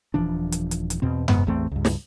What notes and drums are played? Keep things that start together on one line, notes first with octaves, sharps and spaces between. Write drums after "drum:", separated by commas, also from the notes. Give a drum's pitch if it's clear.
D#1 E3 F3 D4
drum: hi-hat
drum: hi-hat
drum: hi-hat
E2 B2 C4
E1 G#2 B3, drum: tom F#2
A1 E2 A3 C4
C#2 G2
drum: snare